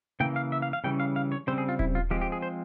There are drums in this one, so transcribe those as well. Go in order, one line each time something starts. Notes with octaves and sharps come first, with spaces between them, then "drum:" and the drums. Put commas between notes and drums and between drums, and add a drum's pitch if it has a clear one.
C#3 E3 A#3 G5
F5
E5
F5
F5
C#3 E3 G3 C#4 G5
F5
F5
C#5
C#3 G3 C4 C5
G#4
F4
E4, drum: kick D#1
F4
F3 G#3 C4 G4
G4
G#4
C5